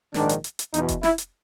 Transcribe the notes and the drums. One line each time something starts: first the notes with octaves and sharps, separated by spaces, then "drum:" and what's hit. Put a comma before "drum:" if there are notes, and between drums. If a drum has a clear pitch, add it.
A#1 G#2 D#3 D4, drum: snare
drum: hi-hat
drum: hi-hat
drum: hi-hat
E2 B2 D#4, drum: hi-hat
drum: kick F1, hi-hat
E4, drum: snare
drum: hi-hat